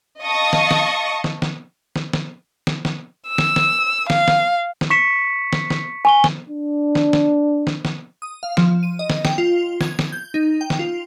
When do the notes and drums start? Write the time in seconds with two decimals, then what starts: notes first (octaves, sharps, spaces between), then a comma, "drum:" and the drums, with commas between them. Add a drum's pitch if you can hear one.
0.21 D#5 F5 A5 C#6 D#6
0.53 drum: snare
0.71 drum: snare
1.24 drum: snare
1.42 drum: snare
1.96 drum: snare
2.13 drum: snare
2.67 drum: snare
2.85 drum: snare
3.29 E6
3.38 drum: snare
3.56 drum: snare
4.10 F5, drum: snare
4.28 drum: snare
4.81 drum: snare
4.90 C#6 B6 C#7 E7
5.53 drum: snare
5.70 drum: snare
6.05 G#5 C#6 G7
6.24 drum: snare
6.50 D4
6.95 drum: snare
7.13 drum: snare
7.67 drum: snare
7.85 drum: snare
8.22 D#6
8.43 F5
8.57 F3, drum: snare
8.83 D#7
8.99 D#5
9.10 drum: snare
9.25 G5, drum: snare
9.38 F4
9.81 G#6, drum: snare
9.99 drum: snare
10.12 G6
10.34 D#4
10.61 G5
10.70 drum: snare
10.79 F4